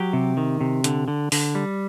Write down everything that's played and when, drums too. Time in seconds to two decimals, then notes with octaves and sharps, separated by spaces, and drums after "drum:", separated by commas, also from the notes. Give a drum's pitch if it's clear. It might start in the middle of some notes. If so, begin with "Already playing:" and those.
Already playing: F#3 G4
0.13 C3
0.37 D#3
0.61 C3
0.84 D3, drum: hi-hat
1.08 D3
1.32 D3, drum: open hi-hat
1.55 G3